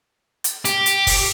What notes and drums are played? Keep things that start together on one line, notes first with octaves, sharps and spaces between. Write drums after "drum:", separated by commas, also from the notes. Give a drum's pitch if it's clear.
drum: hi-hat
G4, drum: hi-hat
drum: hi-hat
drum: kick, open hi-hat